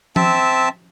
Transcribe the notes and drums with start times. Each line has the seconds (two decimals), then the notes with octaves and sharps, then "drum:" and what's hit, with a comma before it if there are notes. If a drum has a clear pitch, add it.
0.16 C4 E5 A5, drum: tom F3